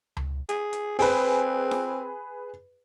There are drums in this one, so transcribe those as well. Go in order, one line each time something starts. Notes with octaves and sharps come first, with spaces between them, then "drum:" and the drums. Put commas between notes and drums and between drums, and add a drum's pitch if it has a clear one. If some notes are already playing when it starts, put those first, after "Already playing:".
drum: tom C#2
G#4, drum: hi-hat
drum: hi-hat
C4 G#4 B4, drum: open hi-hat
drum: snare F4